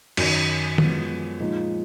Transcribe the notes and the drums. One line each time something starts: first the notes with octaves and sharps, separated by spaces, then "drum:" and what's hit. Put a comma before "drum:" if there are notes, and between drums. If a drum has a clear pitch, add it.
F#2 D#3 F#3, drum: cymbal
F#2 F3 G#3 B3, drum: tom
A#2 F3 G#3 D#4